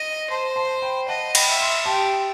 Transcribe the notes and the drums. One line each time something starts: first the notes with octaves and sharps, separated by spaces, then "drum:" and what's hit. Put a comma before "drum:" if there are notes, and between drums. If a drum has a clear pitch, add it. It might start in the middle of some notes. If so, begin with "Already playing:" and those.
Already playing: D#5
C5 A5 C6
A5 C6
G5 B5
D#5 F#5 A5
G5 B5, drum: cymbal
E5
C6
G4 A5 C6